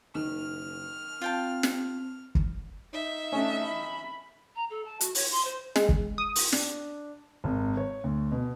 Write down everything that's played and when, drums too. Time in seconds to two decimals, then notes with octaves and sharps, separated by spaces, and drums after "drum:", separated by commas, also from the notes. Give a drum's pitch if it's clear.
0.15 F#1 D#3 F6
1.22 C4 F4 G5 A5
1.63 drum: snare
2.35 drum: kick
2.93 D#4 E5
3.32 A3 C#4 D4
3.64 B5
4.55 A#5
4.70 A4
4.85 A5
5.01 F#4, drum: hi-hat
5.15 C#5, drum: open hi-hat
5.30 C6
5.44 C5
5.76 G#3, drum: snare
5.89 drum: kick
6.18 D#6
6.36 drum: open hi-hat
6.52 D4, drum: snare
7.44 G#1
7.77 C#5
8.04 D2
8.31 B2